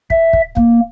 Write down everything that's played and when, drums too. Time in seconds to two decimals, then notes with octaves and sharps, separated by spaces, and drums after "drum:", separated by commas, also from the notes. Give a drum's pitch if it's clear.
0.10 E5, drum: kick
0.33 drum: kick
0.57 A#3, drum: kick